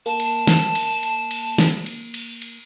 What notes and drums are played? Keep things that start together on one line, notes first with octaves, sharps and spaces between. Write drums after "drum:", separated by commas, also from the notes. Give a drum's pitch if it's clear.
A#3 A5
drum: cymbal
drum: snare
drum: cymbal
drum: cymbal
drum: cymbal
drum: snare
drum: cymbal
drum: cymbal
drum: cymbal